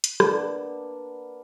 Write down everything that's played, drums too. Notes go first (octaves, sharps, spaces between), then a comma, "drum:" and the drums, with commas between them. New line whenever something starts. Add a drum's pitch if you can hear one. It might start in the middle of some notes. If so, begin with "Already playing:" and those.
drum: hi-hat
A#3 B3 D4, drum: rim click